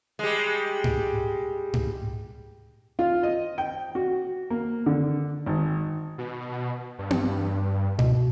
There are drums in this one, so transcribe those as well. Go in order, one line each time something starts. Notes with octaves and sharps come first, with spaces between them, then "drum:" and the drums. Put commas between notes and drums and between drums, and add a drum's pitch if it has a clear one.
G3 G#3
drum: tom G#2
drum: tom G#2
F4
D#5
G5
F#4
A#3
D3
G#1
B2
G2
drum: tom B3
B2, drum: tom G#2